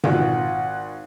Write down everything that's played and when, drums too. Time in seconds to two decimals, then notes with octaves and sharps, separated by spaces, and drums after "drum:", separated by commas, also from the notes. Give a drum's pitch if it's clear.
0.04 G#1 F4 F#5, drum: tom B2